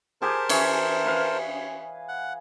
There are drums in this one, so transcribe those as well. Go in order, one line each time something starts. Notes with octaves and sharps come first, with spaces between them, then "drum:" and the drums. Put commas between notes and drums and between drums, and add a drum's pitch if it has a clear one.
G4 G#4 A#4 C5 A5
E3 G#4 C#5, drum: cymbal
B4 F5
F#5